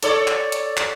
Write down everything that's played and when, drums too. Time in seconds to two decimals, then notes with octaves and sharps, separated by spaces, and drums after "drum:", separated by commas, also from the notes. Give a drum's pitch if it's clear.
0.03 A4 C#5 D5, drum: hi-hat
0.27 drum: clap
0.52 drum: hi-hat
0.77 drum: clap